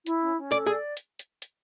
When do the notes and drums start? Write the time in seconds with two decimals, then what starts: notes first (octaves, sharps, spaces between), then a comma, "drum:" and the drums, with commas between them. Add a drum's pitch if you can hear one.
0.06 E4, drum: hi-hat
0.21 C#4
0.37 C#4
0.52 A4 D5, drum: hi-hat
0.67 G#4 D5
0.97 drum: hi-hat
1.19 drum: hi-hat
1.42 drum: hi-hat